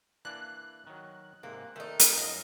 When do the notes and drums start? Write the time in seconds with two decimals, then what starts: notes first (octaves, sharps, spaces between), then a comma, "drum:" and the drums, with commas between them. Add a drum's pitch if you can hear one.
0.25 E3 A#3 D4 F#6
0.87 D#3 F#3
1.43 G#2 C3 A#3
1.76 D#3 A3 D#4 E5
1.99 drum: hi-hat
2.18 F#2 D#5 F5